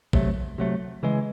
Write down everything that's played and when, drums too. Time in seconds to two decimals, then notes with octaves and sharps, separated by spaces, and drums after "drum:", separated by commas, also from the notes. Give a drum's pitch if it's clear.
0.13 C3 F#3 A3, drum: kick
0.58 C3 F#3 A3
1.03 C#3 E3 G#3